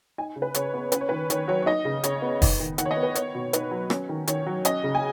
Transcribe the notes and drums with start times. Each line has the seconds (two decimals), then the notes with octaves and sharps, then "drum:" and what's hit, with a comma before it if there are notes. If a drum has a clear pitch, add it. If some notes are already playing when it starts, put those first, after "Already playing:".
0.18 D#4 G#5
0.36 C#3
0.42 B4
0.54 C#3 C#5, drum: hi-hat
0.74 B3
0.92 C#4 B4, drum: hi-hat
1.01 C#5
1.09 D#3 B4
1.30 D#3 C#5, drum: hi-hat
1.48 F#3 C#5
1.62 C#5
1.66 D#4 D#5
1.85 C#3
2.04 C#3 C#5, drum: hi-hat
2.22 B3
2.42 D#4, drum: kick, open hi-hat
2.60 D#3
2.78 D#3 F#5, drum: hi-hat
2.86 C#5
2.91 D#5
2.97 B3
3.03 B4
3.15 B3 C#5, drum: hi-hat
3.35 B2
3.53 D#4 B4, drum: hi-hat
3.71 F#3
3.90 C#4, drum: rim click
4.09 D#3
4.27 D#3 C#5, drum: hi-hat
4.46 F#3
4.65 C#4 D#5, drum: hi-hat
4.84 C#3
4.95 G#5